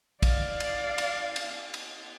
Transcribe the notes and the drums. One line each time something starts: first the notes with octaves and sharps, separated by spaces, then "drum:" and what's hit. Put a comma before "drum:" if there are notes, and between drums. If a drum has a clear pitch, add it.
D5 F5, drum: kick, cymbal
drum: cymbal
drum: cymbal
drum: cymbal
drum: cymbal